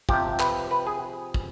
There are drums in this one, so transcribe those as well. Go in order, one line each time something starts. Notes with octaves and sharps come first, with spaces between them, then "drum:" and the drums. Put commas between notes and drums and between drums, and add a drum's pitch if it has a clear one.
C3 F3 G4, drum: kick
B4, drum: clap
B4
G#4
drum: kick